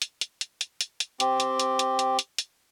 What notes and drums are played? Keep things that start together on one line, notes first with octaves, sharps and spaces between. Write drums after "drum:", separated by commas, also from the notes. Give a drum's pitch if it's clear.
drum: hi-hat
drum: hi-hat
drum: hi-hat
drum: hi-hat
drum: hi-hat
drum: hi-hat
C4 G4, drum: hi-hat
drum: hi-hat
drum: hi-hat
drum: hi-hat
drum: hi-hat
drum: hi-hat
drum: hi-hat